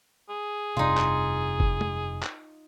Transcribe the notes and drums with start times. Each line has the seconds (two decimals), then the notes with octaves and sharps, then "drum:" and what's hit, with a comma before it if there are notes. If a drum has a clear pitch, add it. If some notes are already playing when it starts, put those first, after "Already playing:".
0.29 G#4
0.77 F1 G2 C3 D#4 F4
0.97 drum: clap
1.60 drum: kick
1.81 drum: tom
2.23 drum: clap